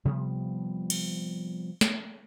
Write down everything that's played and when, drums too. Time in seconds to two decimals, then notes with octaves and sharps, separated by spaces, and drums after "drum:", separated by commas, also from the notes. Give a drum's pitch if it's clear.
0.05 C3 F3 G3 B3
0.90 drum: cymbal
1.81 drum: snare